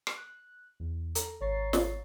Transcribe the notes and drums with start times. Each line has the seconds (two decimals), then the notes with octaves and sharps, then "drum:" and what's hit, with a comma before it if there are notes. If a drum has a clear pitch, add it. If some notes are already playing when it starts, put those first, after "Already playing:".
0.07 drum: rim click
0.17 F#6
0.80 E2
1.15 A4 A#5, drum: hi-hat
1.40 G#1 C#5 A#5 C#6 A6 C7
1.73 drum: snare